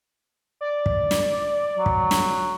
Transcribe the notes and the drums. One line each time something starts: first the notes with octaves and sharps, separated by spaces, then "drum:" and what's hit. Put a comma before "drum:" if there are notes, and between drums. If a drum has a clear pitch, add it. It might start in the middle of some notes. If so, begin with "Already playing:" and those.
D5
drum: kick
drum: snare
F#3
drum: kick
drum: snare